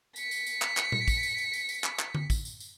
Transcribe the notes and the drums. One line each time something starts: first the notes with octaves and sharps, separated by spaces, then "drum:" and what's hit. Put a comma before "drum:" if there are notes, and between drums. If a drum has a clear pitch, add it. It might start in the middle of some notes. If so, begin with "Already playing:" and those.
B6 C#7, drum: tambourine
drum: tambourine
drum: tambourine
drum: clap
drum: clap
drum: tom A#2
drum: kick, tambourine
drum: tambourine
drum: tambourine
drum: tambourine
drum: tambourine
drum: clap
drum: clap
drum: tom D3
drum: kick, tambourine
drum: tambourine
drum: tambourine